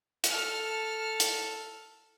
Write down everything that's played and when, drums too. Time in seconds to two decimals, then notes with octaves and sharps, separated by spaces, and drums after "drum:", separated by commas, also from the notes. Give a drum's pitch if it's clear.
0.24 A4 F6, drum: hi-hat
1.20 drum: hi-hat